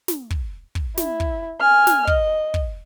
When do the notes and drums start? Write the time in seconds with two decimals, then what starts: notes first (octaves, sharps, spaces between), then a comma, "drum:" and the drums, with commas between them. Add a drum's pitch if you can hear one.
0.08 drum: snare
0.30 drum: kick
0.75 drum: kick
0.97 E4, drum: snare
1.20 drum: kick
1.61 G#5 F6
1.87 drum: snare
2.07 D#5, drum: kick
2.54 drum: kick